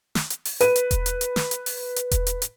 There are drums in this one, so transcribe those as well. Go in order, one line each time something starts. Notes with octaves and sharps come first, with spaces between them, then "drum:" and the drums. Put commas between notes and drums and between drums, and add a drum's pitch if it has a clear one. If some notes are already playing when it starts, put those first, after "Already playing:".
drum: snare
drum: hi-hat
drum: open hi-hat
B4 D#7, drum: hi-hat
drum: hi-hat
drum: kick E1, hi-hat
drum: hi-hat
drum: hi-hat
drum: snare
drum: hi-hat
drum: open hi-hat
drum: hi-hat
drum: kick E1, hi-hat
drum: hi-hat
drum: hi-hat